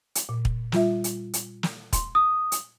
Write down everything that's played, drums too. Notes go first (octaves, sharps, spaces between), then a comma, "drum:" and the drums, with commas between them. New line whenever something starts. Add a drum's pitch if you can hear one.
drum: hi-hat
A#2
drum: kick
G3 F4 E5, drum: snare
drum: hi-hat
drum: hi-hat
drum: snare
C6, drum: kick, hi-hat
D#6
drum: hi-hat